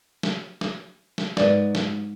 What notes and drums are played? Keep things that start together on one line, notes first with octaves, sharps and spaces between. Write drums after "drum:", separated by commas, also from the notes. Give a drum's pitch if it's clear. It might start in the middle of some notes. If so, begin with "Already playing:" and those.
drum: snare
drum: snare
drum: snare
G#2 B4 D5, drum: snare
drum: snare